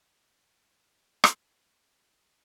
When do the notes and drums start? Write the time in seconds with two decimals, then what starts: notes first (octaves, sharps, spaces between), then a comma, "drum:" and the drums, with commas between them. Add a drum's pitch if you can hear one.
0.19 B3 F4 G#4
1.24 drum: rim click